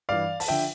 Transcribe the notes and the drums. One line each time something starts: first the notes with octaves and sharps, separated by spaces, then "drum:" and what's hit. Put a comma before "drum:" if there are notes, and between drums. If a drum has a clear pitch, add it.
G2 E3 D5 F5
A5, drum: open hi-hat
D3 F3 E5 G5